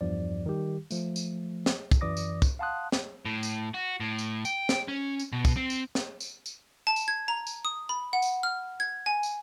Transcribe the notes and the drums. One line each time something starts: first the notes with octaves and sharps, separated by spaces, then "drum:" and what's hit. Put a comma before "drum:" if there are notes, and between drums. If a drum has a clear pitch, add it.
E2 G2 F3 D5
D#3 G3 G4
F3 A3, drum: tambourine
drum: tambourine
drum: snare
drum: kick, tambourine
F#2 E3 D5 D6 D#6 A#6
drum: tambourine
drum: kick, tambourine
F5 F#5 A5 C6 D#6 F#6
drum: snare
A2
drum: tambourine
F#4
A2
drum: tambourine
G5, drum: tambourine
drum: snare
C#4
drum: tambourine
B2
drum: kick, tambourine
C4
drum: tambourine
drum: snare
drum: tambourine
drum: tambourine
A5
drum: tambourine
G#6
A#5
drum: tambourine
D#6
B5
F#5
drum: tambourine
F6
G#6
G#5
drum: tambourine